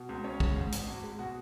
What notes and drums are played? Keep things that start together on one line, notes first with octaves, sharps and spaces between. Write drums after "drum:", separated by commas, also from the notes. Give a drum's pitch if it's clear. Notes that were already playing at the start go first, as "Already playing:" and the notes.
Already playing: B2
C#2
C#4 C#5
G#3, drum: kick
G#2 G#4
G#1, drum: hi-hat
G#1 F#4
G#3
B2 F#4